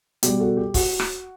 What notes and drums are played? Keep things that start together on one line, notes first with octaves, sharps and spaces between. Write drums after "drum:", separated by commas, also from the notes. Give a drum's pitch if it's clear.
B2 G3 G4, drum: hi-hat
F#4 A4
G4
F#4, drum: kick, open hi-hat
drum: rim click